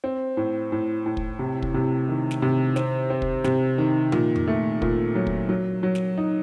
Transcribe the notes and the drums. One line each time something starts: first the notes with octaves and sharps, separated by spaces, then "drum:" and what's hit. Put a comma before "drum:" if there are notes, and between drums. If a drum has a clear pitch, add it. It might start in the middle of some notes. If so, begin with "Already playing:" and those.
C4
A2
A2
A2
drum: kick
C3
drum: kick
C3
D#3
drum: snare
C3
C4, drum: snare
C4
drum: kick
C3, drum: snare
D#3
A#2, drum: tom F3
drum: tom F2
A3
A#2, drum: kick
F#3
drum: kick
F#3
F#3
drum: snare
D#4